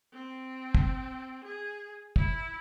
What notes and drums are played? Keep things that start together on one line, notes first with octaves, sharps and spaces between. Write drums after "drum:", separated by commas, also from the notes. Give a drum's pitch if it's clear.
C4
drum: kick
G#4
E4, drum: kick